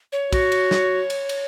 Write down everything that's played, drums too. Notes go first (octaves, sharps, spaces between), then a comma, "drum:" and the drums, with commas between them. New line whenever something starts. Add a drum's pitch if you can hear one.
C#5
F#4, drum: kick, cymbal
drum: cymbal
drum: snare
drum: cymbal
drum: cymbal